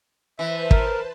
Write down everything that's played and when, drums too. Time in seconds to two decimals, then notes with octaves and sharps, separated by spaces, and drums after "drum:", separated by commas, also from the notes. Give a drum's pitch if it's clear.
0.39 E3 B4 C5 E5 A5
0.71 A#4, drum: kick